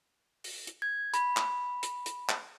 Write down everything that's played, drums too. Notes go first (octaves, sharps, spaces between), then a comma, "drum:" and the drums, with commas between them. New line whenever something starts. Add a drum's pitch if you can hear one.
drum: open hi-hat
drum: hi-hat
G#6
B5, drum: hi-hat
drum: clap
drum: hi-hat
drum: hi-hat
drum: clap